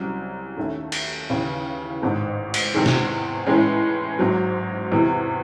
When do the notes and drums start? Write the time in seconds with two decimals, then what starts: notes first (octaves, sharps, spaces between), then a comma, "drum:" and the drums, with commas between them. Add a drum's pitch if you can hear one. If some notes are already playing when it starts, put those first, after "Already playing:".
Already playing: C2 C3 F#3 C#4
0.57 D#2 D#3 A3 C#4
0.92 drum: cymbal
1.30 D#2 C#3 E3
2.02 A1 G#2 D#3
2.54 drum: cymbal
2.74 E2 C3 D#3 G#3
2.86 drum: snare
3.47 A2 E3 G#3 C#4
4.19 G#1 G#2 F#3
4.92 E2 C3 E3